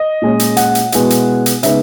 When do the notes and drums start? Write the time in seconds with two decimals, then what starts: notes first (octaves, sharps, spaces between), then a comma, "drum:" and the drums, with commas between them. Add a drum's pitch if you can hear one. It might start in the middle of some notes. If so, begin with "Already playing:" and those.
Already playing: D#5
0.22 A#2 G#3 C#4
0.40 drum: hi-hat
0.57 F#5, drum: hi-hat
0.75 drum: hi-hat
0.92 B2 G#3 B3 E4, drum: hi-hat
1.10 drum: hi-hat
1.46 drum: hi-hat
1.63 C#3 G#3 B3 D#4 E5, drum: hi-hat